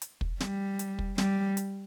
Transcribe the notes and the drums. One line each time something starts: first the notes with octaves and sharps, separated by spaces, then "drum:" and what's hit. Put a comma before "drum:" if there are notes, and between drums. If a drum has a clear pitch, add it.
drum: hi-hat
drum: kick
G3, drum: snare
drum: hi-hat
drum: kick
G3, drum: snare
drum: hi-hat